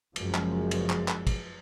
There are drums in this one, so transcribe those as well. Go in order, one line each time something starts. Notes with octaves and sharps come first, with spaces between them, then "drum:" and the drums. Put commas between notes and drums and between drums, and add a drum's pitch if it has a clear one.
F#1 F#2 F3 G#3, drum: cymbal
drum: clap
drum: cymbal
drum: clap
drum: clap
drum: kick, cymbal